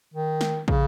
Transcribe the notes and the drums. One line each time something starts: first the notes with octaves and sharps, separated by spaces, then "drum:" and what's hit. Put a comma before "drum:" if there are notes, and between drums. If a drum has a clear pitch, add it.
D#3
drum: snare
C#3, drum: kick